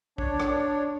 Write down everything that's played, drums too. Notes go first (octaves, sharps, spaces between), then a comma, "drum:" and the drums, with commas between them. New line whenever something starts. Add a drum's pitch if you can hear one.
D4 C#5, drum: kick
drum: rim click